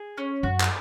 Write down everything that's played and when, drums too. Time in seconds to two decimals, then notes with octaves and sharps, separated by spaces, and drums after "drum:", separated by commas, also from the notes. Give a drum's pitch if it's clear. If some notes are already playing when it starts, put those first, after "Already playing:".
Already playing: G#4
0.18 C#4
0.43 F#2 F#4
0.60 drum: clap